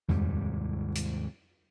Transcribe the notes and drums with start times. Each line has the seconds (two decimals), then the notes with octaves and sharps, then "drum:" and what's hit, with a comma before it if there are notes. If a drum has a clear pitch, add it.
0.08 D#2 G#2 C3 G3, drum: tom F2
0.95 drum: hi-hat